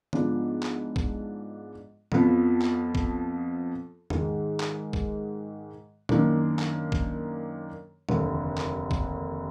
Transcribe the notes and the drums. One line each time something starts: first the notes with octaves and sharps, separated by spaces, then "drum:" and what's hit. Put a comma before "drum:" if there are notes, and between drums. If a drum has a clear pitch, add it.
G#2 F3 B3 D4, drum: tom D3
drum: clap
drum: kick
F2 F3 B3, drum: tom A#2
drum: clap
drum: kick
G#2 D#3 G#3, drum: tom E2
drum: clap
drum: kick
F#2 D#3 A#3 D4, drum: tom A#2
drum: clap
drum: kick
F1 D#2 D3, drum: tom A#2
drum: clap
drum: kick